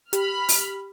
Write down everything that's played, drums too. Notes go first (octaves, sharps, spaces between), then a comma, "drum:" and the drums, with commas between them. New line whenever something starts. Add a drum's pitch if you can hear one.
G4 B5 F6, drum: hi-hat
drum: open hi-hat